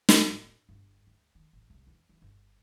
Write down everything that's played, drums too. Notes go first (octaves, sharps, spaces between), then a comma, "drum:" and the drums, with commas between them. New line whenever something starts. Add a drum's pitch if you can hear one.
D2, drum: snare
A2
C#4
G1
D2
D#3
A1
C2
E2
E3
G1